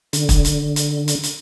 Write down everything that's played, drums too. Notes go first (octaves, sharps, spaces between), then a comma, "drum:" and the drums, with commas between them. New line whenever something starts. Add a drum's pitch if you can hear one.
D3, drum: hi-hat
drum: kick, hi-hat
drum: hi-hat
drum: hi-hat
drum: hi-hat
drum: hi-hat